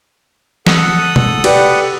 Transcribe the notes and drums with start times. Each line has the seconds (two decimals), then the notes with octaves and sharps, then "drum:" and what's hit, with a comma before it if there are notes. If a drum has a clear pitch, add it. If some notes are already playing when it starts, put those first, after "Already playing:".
0.67 A4 F#5 D#6, drum: snare
1.16 drum: tom B2
1.44 G4 B4 D5, drum: cymbal